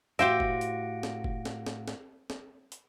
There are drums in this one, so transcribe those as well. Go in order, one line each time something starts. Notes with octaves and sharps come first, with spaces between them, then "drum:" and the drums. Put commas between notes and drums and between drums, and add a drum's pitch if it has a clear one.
A2 F#4 G4 C5 E5 F5 A#6 D7, drum: hi-hat
drum: kick
drum: hi-hat
drum: snare
drum: kick
drum: snare
drum: snare
drum: snare
drum: snare
drum: hi-hat